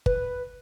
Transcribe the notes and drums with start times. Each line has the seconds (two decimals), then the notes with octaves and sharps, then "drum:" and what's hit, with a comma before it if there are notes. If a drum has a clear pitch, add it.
0.06 B4, drum: kick G1